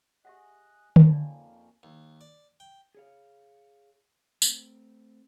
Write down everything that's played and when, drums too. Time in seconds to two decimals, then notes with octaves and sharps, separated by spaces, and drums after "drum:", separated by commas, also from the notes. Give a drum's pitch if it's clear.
0.25 G4 G#4 D#5 E5 F#5 F#6
0.96 E5 A5 B5, drum: tom D3
1.09 F2 F3 A#3 C4 C#4 D#4 D5 A#5
1.83 D#2
2.21 D5
2.60 G5
2.95 G#4 C#5 F5
4.42 A3 C4, drum: tambourine